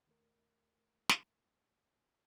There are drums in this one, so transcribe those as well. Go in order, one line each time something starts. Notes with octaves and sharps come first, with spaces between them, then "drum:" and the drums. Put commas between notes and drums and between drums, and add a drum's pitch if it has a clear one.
D#2 A3 A#4
drum: snare